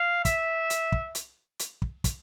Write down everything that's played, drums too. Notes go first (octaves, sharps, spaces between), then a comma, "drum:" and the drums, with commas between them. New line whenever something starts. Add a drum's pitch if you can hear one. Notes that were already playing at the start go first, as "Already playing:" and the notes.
Already playing: F5
E5, drum: kick, hi-hat
drum: hi-hat
drum: kick
drum: hi-hat
drum: hi-hat
drum: kick
drum: kick, hi-hat